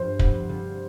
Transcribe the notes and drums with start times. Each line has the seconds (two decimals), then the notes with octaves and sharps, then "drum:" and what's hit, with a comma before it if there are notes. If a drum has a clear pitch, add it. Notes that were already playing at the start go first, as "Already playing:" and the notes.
Already playing: G2 F3 F4 C5
0.19 D3 G3 B3 E4, drum: kick
0.49 D3 G3 C4 F4